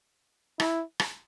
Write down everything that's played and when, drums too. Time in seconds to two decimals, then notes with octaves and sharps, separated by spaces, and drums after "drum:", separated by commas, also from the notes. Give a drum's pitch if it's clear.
0.60 E4, drum: rim click
1.00 drum: rim click